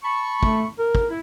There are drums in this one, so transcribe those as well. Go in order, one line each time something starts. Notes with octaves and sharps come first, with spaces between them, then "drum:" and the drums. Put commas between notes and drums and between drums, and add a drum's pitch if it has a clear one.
A5 B5 C#6
A3, drum: kick
A#4
drum: kick
E4